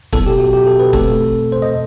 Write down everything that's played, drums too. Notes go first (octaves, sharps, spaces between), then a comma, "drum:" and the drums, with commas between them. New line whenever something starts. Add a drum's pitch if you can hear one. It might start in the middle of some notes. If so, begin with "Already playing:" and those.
B2 F#3 B3 E4 A4, drum: kick
G4
F#4
G4
A4
B4
B2 A3 C4 A4, drum: kick
C5
D#5